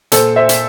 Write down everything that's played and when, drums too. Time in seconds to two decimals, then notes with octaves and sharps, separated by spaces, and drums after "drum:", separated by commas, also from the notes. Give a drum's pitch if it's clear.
0.12 A#2 A4 C5, drum: hi-hat
0.36 C5 E5
0.49 drum: hi-hat